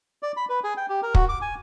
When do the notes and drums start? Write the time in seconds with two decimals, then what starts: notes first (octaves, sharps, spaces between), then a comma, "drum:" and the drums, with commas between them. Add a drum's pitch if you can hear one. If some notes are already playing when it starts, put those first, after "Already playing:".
0.23 D5
0.37 B5
0.49 B4
0.64 G#4
0.77 G5
0.89 G4
1.03 A#4
1.15 F#4, drum: kick
1.29 D6
1.42 G#5